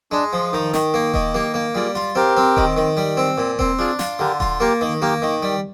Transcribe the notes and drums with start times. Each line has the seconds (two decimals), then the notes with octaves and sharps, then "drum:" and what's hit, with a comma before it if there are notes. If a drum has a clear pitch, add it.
0.11 G#3 D4
0.33 F3
0.53 D#3 D#4
0.74 D#3, drum: snare
0.94 A#3
1.14 D#3, drum: kick D#1
1.34 A#3 G4
1.54 A#3
1.75 G3 F4 G#4
1.95 F4
2.15 C4 G4 A#4
2.37 C4
2.57 D#3, drum: kick D#1
2.76 D#3
2.97 G3
3.17 C4
3.38 A#2
3.59 C4, drum: kick D#1
3.79 D4 F4 G#4
3.99 F4, drum: snare
4.19 D3 G4 A#4
4.40 F4, drum: kick D#1
4.60 A#3 G4 A#4
4.81 D#3
5.01 A#3 G4 A#4
5.22 D#3
5.43 G3